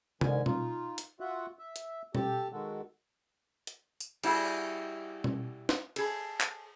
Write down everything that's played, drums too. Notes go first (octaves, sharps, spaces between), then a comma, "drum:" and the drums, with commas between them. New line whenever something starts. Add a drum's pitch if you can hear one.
G#2 D3 D#3 G#5, drum: tom C3
D#4 F4, drum: tom
drum: hi-hat
F4 F#4 E5 F#5
E5
drum: hi-hat
G4 A4 A5, drum: tom
D#3 G#3 F#4 A4
drum: hi-hat
drum: tambourine
G3 E4 F#4 G#4, drum: cymbal
drum: tom
drum: snare
G#4 A4, drum: cymbal
drum: clap